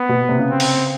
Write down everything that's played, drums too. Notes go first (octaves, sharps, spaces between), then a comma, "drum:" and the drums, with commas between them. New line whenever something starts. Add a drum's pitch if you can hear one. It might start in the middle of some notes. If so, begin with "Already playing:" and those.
Already playing: B3
B2
C3
C#3
C4
drum: open hi-hat